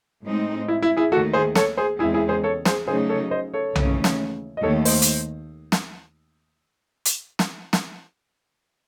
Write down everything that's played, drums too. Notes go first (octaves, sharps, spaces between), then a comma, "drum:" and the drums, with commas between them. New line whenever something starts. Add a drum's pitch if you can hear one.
A2 G#3 C4 D#4
E4
E4
E4 G#4
D#2 D#3 A3 F#4 A4
G#4 C5
A4 C#5, drum: snare
G#4 C5
E2 C#3 G#3 C4 E4 G#4
E4 G#4
G#4 C5
A4 C#5
G#4 C5, drum: snare
C#3 F#3 A3 D#4 G#4 C5
A4 C#5
C5 D#5
A4 C#5
D#2 C#3 E3 A3 C#4, drum: tom B1
drum: snare
D#5
D#2 D#3 A3 A4 C#5
C5 D#5, drum: open hi-hat
drum: hi-hat
drum: snare
drum: hi-hat
drum: snare
drum: snare